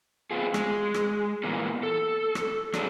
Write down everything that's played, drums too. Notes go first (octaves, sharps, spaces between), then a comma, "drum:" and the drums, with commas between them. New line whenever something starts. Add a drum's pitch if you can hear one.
B3 C4 F4 G#4
G#3, drum: rim click
drum: rim click
A#2 E3 A#3 B3
A4
drum: rim click
F#3 D4 G#4, drum: rim click